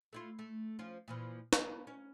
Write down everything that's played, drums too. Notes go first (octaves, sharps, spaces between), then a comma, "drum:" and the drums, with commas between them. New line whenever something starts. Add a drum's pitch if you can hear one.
A3 E4 F4
A3
F3 C#4 F4
A#2 E3 F3
B3, drum: snare
C#4